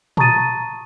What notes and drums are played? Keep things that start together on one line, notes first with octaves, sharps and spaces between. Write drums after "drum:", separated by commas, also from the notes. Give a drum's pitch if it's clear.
A5 A#5 C#6 D#6 A6 D#7, drum: tom A#2